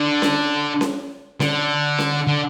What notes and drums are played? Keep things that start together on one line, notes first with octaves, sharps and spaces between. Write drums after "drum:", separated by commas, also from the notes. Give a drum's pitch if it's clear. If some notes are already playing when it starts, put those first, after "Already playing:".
Already playing: D3
drum: snare C#4
drum: snare C#4
D3, drum: snare C#4
drum: snare C#4
D3